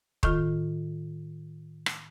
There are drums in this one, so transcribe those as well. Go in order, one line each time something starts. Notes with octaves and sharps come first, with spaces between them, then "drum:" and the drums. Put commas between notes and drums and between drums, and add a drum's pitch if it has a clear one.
A2 D#3 F4, drum: kick D#1
drum: rim click